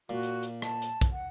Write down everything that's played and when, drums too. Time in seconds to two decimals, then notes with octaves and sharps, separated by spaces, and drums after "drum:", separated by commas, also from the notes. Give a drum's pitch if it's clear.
0.09 A#2 F#4
0.23 drum: hi-hat
0.43 drum: hi-hat
0.62 A5, drum: rim click
0.82 drum: hi-hat
1.01 drum: kick, hi-hat
1.12 F#5